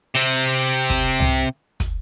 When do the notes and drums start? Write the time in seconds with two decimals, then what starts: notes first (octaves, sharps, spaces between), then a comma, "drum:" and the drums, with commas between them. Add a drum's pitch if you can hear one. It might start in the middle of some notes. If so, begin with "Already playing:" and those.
0.15 C3 C4
0.90 drum: kick, hi-hat
1.20 drum: tom
1.80 drum: kick, hi-hat